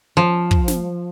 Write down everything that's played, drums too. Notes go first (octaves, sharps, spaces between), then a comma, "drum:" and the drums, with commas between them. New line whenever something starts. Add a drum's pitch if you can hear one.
F3
drum: kick
drum: snare